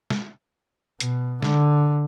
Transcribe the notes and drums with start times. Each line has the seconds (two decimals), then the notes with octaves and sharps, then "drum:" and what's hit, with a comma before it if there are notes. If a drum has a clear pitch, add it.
0.10 drum: snare
1.00 B2, drum: hi-hat
1.42 D3, drum: snare